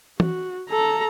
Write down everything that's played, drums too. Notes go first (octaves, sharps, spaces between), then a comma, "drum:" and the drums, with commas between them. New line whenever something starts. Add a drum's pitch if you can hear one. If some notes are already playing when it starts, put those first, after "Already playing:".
F#4, drum: tom
A4 A#5